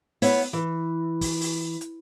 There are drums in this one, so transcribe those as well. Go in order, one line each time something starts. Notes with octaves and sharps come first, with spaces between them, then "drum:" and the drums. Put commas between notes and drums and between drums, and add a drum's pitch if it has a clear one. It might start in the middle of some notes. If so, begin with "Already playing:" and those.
B3 E4 C#5 E5, drum: open hi-hat
E3
drum: kick, open hi-hat
drum: open hi-hat
drum: hi-hat